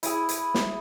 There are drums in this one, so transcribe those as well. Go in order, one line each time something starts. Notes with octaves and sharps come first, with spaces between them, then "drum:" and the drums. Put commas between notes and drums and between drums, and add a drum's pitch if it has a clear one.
E4 G#4, drum: hi-hat
drum: hi-hat
drum: snare